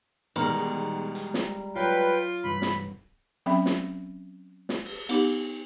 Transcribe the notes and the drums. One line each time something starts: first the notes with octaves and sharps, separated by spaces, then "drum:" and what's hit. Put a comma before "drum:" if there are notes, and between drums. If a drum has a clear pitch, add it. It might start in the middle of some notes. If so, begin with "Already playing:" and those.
E2 B2 D#3 G3 G#3 A#4, drum: cymbal
drum: hi-hat
drum: snare
F#3 F4 B4 G5
C2 G2 E3 B5
drum: snare
F#3 C4 C#4 E5 B5
drum: snare
drum: snare
drum: open hi-hat
B3 D#4 G4, drum: cymbal